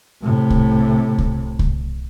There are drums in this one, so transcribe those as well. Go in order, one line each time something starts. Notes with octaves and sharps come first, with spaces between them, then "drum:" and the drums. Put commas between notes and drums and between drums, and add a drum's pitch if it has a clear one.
A2 C3
drum: kick C2
drum: kick C2
drum: kick C2